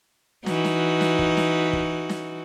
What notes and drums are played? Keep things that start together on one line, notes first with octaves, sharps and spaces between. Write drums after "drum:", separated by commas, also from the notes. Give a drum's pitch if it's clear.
E3 D#4 F#4, drum: snare
drum: snare
drum: snare
drum: kick
drum: snare
drum: kick
drum: snare